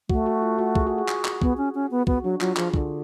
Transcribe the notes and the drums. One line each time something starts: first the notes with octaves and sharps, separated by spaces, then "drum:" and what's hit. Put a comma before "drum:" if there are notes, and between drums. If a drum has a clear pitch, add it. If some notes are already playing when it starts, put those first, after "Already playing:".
A3 F#4, drum: kick
F#4
F4
F#4
G#4, drum: kick
F#4
G#4
drum: clap
drum: clap
B3, drum: kick
C#4
C#4
B3
B3 F#4, drum: kick
F#3 D4
F#3 F4, drum: clap
F3 G#4, drum: clap
D3, drum: kick